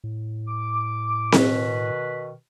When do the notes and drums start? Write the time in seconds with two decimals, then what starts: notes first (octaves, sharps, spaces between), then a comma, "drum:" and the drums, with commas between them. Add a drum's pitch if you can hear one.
0.04 A2
0.48 D6
1.32 B2 D#3 B4, drum: snare C4